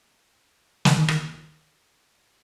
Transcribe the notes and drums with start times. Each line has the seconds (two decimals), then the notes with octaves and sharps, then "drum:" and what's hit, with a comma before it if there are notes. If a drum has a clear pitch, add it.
0.85 D#3, drum: snare
0.97 D#3
1.08 D#3, drum: rim click